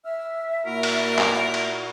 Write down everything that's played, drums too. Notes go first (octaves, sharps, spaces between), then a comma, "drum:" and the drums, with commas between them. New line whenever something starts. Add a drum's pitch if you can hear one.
E5 E6 F6
A#2 A#3 E4 F#4 A#4
drum: cymbal
drum: clap
drum: cymbal